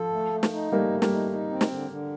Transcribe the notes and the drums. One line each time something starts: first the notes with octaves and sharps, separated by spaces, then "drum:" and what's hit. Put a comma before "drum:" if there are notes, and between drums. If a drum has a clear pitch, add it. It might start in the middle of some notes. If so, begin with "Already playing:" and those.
Already playing: F3 A4
A3
A3
drum: snare
D#4
G3 A3 A#3
A3
G3 A#3, drum: snare
D#4
D#4
C4
drum: snare
D3
D3